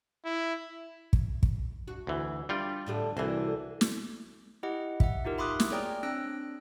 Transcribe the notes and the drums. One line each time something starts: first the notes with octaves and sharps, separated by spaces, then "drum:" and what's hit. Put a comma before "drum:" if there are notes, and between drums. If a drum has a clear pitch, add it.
E4
drum: kick
drum: kick
F#4
D2 E3
G3 D4 F4 G5
A2 D3 G4
C2 D3 E3 E4 F#4 C5
drum: snare
E4 G4 D#5 F#5
E5 F#5, drum: kick
D#4 F4 G4 A#4
E5 B5 C6 D6 D#6 F#6
drum: snare
G#4 C#5 D5 G5 A#5 F6
C4 D4 E6 F#6 A#6 D7